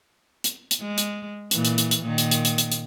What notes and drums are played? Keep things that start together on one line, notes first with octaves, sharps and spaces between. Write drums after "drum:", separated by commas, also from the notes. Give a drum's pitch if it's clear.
drum: hi-hat
drum: hi-hat
G#3
drum: hi-hat
A#2 E3, drum: hi-hat
drum: hi-hat
drum: hi-hat
drum: hi-hat
A#2 D#3
drum: hi-hat
drum: hi-hat
drum: hi-hat
drum: hi-hat
drum: hi-hat